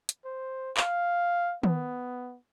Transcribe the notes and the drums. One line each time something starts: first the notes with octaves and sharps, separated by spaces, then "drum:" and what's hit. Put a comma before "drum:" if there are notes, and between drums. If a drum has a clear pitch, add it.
drum: hi-hat
C5
F5, drum: clap
B3, drum: tom D#3